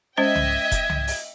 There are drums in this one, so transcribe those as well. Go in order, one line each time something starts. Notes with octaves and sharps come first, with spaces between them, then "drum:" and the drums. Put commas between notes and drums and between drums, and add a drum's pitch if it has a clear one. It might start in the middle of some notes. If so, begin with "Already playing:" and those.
G#3 C#4 C5 D#5 E5 G5 G#6
drum: tom C2
drum: kick F1, hi-hat
drum: tom C2
drum: open hi-hat